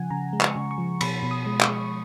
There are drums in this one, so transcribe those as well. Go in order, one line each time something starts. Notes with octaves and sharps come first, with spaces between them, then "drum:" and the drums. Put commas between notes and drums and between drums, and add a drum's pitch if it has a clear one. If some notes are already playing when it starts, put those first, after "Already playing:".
Already playing: C#3 F3 F#5 G#5
C#3 A#5
G#3
C#6, drum: clap
C#3
C#6
F3
B2 B5, drum: cymbal
B2
D#6
G#3
C#6, drum: clap
G#3